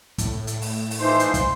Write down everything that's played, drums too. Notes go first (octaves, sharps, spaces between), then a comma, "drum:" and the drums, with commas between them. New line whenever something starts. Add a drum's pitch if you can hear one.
A2, drum: kick, hi-hat
drum: hi-hat
drum: open hi-hat
drum: open hi-hat
E3 F3 D#4 C5 C6
drum: hi-hat
drum: kick, hi-hat